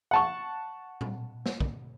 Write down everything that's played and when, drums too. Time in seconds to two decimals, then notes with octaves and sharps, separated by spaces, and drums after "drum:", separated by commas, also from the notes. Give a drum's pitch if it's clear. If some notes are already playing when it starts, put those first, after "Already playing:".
0.11 F#5 A5 C#6
1.01 drum: tom A#2
1.46 drum: snare
1.61 drum: kick